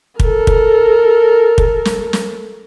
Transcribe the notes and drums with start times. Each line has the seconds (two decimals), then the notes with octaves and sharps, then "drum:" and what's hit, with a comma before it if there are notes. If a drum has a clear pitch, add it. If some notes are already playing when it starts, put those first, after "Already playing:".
0.20 A4 A#4, drum: kick
0.47 drum: kick
1.58 drum: kick
1.85 drum: snare
2.13 drum: snare